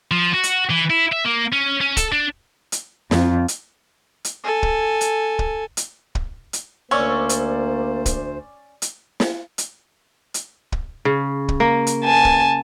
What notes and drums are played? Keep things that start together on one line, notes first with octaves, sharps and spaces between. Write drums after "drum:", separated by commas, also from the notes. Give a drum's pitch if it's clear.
F3
F#4
drum: hi-hat
E3
E4
E5
A#3
C#4
C#4
A4, drum: kick, hi-hat
D4
drum: hi-hat
F2, drum: snare
drum: hi-hat
drum: hi-hat
A4 G#5
drum: kick
drum: hi-hat
drum: kick
drum: hi-hat
drum: kick
drum: hi-hat
D2 A#3 C#4 C5 D5 C#6 E6
drum: hi-hat
drum: kick, hi-hat
drum: hi-hat
drum: snare
drum: hi-hat
drum: hi-hat
drum: kick
C#3
drum: kick
A#3
drum: hi-hat
G#5 A5
drum: kick